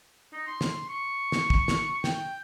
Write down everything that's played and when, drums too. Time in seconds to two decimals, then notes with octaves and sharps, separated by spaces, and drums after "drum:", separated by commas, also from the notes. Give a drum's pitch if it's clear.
0.32 D#4
0.47 C6
0.61 drum: snare
0.89 C#6
1.32 drum: snare
1.50 drum: kick
1.68 drum: snare
2.04 G5, drum: snare